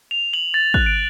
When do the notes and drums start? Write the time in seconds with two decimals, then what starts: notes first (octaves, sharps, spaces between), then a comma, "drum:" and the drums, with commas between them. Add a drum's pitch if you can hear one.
0.11 F7
0.34 F#7
0.54 A6
0.74 F#6, drum: kick
0.86 D7